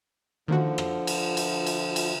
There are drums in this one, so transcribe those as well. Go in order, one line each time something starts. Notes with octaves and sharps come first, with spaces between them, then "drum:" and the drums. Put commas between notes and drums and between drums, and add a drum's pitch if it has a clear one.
D3 D#3 F3 A#3 F#4
drum: rim click
drum: cymbal
drum: cymbal
drum: cymbal
drum: cymbal